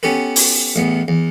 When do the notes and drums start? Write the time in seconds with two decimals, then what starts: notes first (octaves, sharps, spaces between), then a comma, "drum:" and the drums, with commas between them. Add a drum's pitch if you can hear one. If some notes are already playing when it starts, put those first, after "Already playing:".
0.03 B3 C#4 G4 A4 B4
0.36 drum: open hi-hat
0.76 A1 E2 B3
1.08 E2